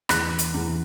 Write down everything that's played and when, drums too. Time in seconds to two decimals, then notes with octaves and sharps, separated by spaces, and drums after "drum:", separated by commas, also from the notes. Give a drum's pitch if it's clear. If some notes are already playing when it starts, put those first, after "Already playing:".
0.09 E2 F#6, drum: rim click
0.39 drum: hi-hat
0.54 E2